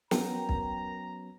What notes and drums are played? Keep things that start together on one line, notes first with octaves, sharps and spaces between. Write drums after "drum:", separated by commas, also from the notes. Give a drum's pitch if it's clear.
F#3 B3 C#4 A#4 G5 A#5, drum: snare
drum: kick